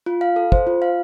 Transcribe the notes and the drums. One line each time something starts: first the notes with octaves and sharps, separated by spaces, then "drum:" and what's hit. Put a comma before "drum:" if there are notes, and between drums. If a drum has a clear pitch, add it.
F4
F5
A4
C5, drum: kick
F4
F5